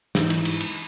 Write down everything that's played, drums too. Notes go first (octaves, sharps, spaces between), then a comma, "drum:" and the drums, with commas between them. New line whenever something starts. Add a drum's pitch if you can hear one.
G#2 E3 D#4, drum: snare
drum: cymbal
drum: cymbal
drum: cymbal